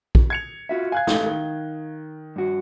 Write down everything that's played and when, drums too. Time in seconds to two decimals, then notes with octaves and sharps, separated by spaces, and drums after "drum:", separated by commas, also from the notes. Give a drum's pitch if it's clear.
0.15 drum: kick A#1
0.30 G#6 C#7 F7
0.69 F4 F#4 E5
0.92 F5 G#5 F#6 G#6
1.07 A1 A3 G7, drum: snare
1.26 D#3
2.36 G2 F#4